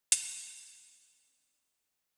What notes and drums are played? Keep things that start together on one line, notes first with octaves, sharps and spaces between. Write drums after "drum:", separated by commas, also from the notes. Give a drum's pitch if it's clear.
F4, drum: hi-hat
D4
C4
A#3
C4
C4
C4
D4
D4